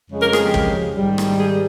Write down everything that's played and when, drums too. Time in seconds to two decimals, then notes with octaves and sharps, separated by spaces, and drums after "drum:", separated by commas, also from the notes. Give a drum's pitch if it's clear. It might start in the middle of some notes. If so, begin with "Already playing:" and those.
0.11 F2 C#3 F3 G#3
0.22 A#4
0.33 G#4, drum: rim click
0.43 G4
0.54 drum: kick
0.97 G#2 D#3 G3
1.18 drum: rim click
1.39 G#4